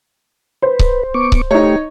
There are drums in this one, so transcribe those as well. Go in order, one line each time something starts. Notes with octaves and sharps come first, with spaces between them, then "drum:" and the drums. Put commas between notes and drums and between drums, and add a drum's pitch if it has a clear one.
B4 C5
drum: kick C#1
B3 C#6 D6
drum: kick C#1
A3 D#4 G4 C#5